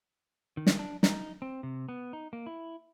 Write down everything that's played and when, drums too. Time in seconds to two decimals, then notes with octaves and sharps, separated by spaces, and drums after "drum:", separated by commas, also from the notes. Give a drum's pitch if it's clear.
0.57 D#3
0.67 drum: snare
0.79 D4
1.03 D#4, drum: snare
1.42 C4
1.63 C3
1.89 B3
2.13 D#4
2.33 A#3
2.46 E4